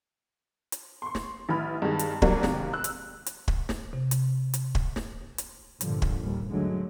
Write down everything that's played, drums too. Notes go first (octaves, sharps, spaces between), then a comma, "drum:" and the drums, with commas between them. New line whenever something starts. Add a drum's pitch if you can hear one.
drum: hi-hat
C6 C#6
drum: snare
A1 E3 E4 B5 F6
G2 D#3 G#3
drum: hi-hat
F#3 G3 A#3 D4 F#4, drum: kick
D#2 G#2 C3, drum: snare
E6 F#6
drum: hi-hat
drum: hi-hat
drum: kick
drum: snare
C3
drum: hi-hat
drum: hi-hat
drum: kick
drum: snare
drum: hi-hat
G1 G2 A#2 D3 F3, drum: hi-hat
drum: kick
A#1 D#2 G3
G#2 D3 F#3 G#3 A3